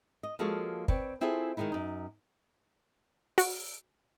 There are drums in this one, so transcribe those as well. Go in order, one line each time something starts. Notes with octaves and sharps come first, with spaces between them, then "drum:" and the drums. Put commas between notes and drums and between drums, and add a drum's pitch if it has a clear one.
D#5
F3 G#3 A#3 F#4 A4 C#5
C4 B4 C#5 D5, drum: kick
C4 E4 F4 G#4 A4 G#5
D#3 E3 G#3 D#4 E4
F#2 D#4
F#4, drum: open hi-hat